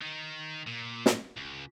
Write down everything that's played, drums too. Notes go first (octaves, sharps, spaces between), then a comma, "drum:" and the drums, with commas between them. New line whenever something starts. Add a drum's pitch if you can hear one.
D#3
A#2
drum: snare
C#2